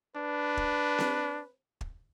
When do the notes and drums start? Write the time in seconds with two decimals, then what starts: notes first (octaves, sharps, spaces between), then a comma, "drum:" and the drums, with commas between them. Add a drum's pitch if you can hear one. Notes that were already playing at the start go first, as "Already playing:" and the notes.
0.16 D4 B4
0.57 drum: kick
0.98 drum: snare C4
1.81 drum: kick